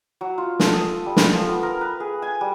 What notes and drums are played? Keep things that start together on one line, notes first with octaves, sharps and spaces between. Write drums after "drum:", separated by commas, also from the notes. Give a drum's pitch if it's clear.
F#3
F4
A4, drum: snare
D#6
G3
drum: snare
F3
B3
A#4
B4
G#4
G#5
G3